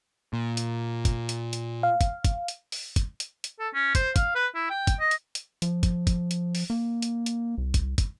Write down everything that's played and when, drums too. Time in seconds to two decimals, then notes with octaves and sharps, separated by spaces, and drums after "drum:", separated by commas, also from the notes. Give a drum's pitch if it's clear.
0.33 A#2
0.57 drum: hi-hat
1.05 drum: kick, hi-hat
1.29 drum: hi-hat
1.53 drum: hi-hat
1.83 F5
2.01 drum: kick, hi-hat
2.25 drum: kick, hi-hat
2.48 drum: hi-hat
2.72 drum: open hi-hat
2.96 drum: kick, hi-hat
3.20 drum: hi-hat
3.44 drum: hi-hat
3.59 A4
3.74 C#4
3.95 C5, drum: kick, hi-hat
4.16 F5, drum: kick, hi-hat
4.35 B4
4.55 E4
4.70 G5
4.87 drum: kick, hi-hat
4.99 D#5
5.11 drum: hi-hat
5.35 drum: hi-hat
5.62 F3, drum: hi-hat
5.83 drum: kick, hi-hat
6.07 drum: kick, hi-hat
6.31 drum: hi-hat
6.55 drum: open hi-hat
6.70 A#3
7.02 drum: hi-hat
7.26 drum: hi-hat
7.58 C2
7.74 drum: kick, hi-hat
7.98 drum: kick, hi-hat